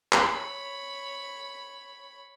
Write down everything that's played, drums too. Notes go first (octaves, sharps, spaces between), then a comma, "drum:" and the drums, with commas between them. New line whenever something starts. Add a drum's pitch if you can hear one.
drum: clap
C#5 B5